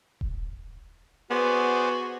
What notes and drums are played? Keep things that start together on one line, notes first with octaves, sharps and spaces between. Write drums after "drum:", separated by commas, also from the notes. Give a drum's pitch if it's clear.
drum: kick D#1
B3 F#4 G#4 C5 D5